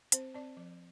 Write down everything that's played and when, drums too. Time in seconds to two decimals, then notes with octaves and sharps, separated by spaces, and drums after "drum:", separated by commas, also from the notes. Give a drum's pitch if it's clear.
0.12 C4 C5, drum: hi-hat
0.34 C4 D5
0.57 F3